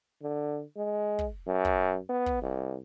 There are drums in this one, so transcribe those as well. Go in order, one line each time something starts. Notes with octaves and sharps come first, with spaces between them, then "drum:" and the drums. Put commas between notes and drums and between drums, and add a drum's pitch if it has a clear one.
D3
G#3
drum: kick
F#2
drum: kick
B3
drum: kick
C2